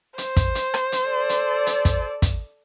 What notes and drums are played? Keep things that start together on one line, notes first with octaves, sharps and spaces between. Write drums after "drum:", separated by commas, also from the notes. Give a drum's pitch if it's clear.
C5, drum: hi-hat
drum: kick, hi-hat
drum: hi-hat
drum: rim click
drum: hi-hat
A4 D5
drum: hi-hat
drum: hi-hat
drum: kick, hi-hat
drum: kick, hi-hat